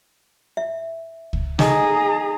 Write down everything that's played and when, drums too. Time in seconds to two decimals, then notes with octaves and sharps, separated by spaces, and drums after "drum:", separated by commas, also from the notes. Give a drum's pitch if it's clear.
0.57 E5
1.33 drum: kick C#2
1.59 D#4 G#4 A4 D#5 A#5, drum: snare